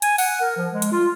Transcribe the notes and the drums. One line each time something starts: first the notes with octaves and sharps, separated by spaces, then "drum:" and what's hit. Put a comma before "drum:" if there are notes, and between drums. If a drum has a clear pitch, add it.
G#5, drum: hi-hat
F#5, drum: open hi-hat
A#4
F3
G#3
drum: hi-hat
F4